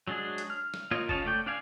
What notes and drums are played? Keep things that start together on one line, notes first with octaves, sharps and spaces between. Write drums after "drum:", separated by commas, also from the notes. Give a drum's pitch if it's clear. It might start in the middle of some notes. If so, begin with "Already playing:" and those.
F#3 G#3 D4 G#4
drum: hi-hat
F6
drum: snare
A#3 F4 C#5 D#5
C#3 F4 C#5 D#5 A5, drum: kick F#1
A3 D5 G5
D4 D5 F5 G#5